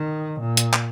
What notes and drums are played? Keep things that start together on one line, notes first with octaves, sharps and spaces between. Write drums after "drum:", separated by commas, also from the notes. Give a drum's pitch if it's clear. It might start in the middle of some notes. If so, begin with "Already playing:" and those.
Already playing: D#3
A#2
drum: hi-hat
drum: clap